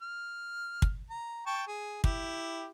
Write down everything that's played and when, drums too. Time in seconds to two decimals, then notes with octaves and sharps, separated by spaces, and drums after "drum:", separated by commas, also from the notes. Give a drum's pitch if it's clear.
0.02 F6
0.82 drum: kick
1.10 A#5
1.46 G5 A5 C#6
1.67 G#4
2.04 E4 G4, drum: kick